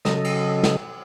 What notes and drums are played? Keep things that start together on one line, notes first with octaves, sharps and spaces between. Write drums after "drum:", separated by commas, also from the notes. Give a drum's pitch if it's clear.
C#3 F#3 A4 D#5, drum: snare
drum: cymbal
drum: snare